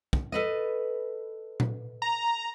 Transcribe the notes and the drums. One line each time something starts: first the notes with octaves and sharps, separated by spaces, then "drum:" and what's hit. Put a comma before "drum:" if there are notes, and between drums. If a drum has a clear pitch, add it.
drum: kick
A4 B4 D#5
drum: tom A#2
A#5